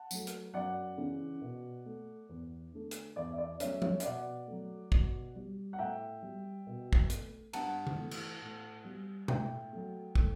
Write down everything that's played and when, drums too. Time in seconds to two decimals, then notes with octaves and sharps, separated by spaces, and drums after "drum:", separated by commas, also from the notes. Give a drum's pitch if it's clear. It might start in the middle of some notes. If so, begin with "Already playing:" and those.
Already playing: F#5 A5
0.11 F#3 A3, drum: tambourine
0.27 drum: hi-hat
0.54 F#2 D5 F#5
0.98 C#3 E3
1.42 B2
1.86 A3
2.29 E2
2.73 D3 A3
2.91 drum: hi-hat
3.16 E2 D5
3.32 E5
3.38 D5
3.60 C#3 F#3 A3 C#5 E5, drum: hi-hat
3.82 C#5 E5, drum: tom
4.00 E5, drum: hi-hat
4.04 B2 D5 F#5
4.47 F#3 A3
4.92 B2, drum: kick
5.35 G3
5.73 F#5
5.78 A2 E5 G5
6.22 G3
6.67 B2
6.93 drum: kick
7.10 A3, drum: hi-hat
7.53 G2 F#5 A5, drum: cymbal
7.87 drum: tom C#3
7.97 E3 A3
8.11 drum: cymbal
8.41 A2
8.85 G3
9.28 A2 E5 G5, drum: tom B2
9.72 F#3 A3
10.15 A2, drum: kick